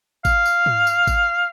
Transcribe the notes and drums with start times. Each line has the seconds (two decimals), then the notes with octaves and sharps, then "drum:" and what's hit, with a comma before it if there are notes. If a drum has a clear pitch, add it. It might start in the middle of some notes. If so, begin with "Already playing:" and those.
0.25 F5, drum: kick G#1, tambourine
0.46 drum: tambourine
0.66 drum: tom G#2
0.87 drum: tambourine
1.07 drum: kick G#1, tambourine